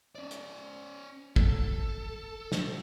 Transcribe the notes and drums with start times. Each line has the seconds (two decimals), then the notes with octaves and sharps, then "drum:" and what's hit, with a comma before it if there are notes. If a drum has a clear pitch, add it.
0.15 C#4 D5
0.31 drum: hi-hat
1.36 A4, drum: kick
2.52 drum: snare